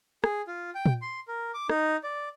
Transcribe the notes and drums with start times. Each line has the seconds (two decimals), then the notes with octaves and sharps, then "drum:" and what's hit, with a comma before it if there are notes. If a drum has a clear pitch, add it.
0.24 G#4, drum: rim click
0.47 F4
0.75 G5
0.86 drum: tom
1.02 C6
1.28 A#4
1.54 D6
1.69 D#4, drum: rim click
2.03 D5